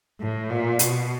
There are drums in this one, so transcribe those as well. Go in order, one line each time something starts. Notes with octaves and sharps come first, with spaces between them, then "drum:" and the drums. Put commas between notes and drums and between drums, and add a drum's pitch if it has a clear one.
A2
A#2
B2, drum: hi-hat